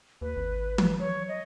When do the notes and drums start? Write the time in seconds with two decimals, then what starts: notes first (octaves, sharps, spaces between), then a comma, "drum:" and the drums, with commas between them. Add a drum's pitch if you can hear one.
0.21 D#2 B4
0.36 G#1
0.78 drum: tom E3
1.00 F#3 C#5
1.28 D#5